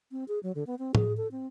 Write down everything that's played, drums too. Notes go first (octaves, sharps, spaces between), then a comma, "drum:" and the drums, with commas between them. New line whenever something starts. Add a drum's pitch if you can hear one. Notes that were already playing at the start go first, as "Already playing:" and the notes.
C4
G#4
F#3
D3
B3
C4
G#4, drum: tom A2
A4
C4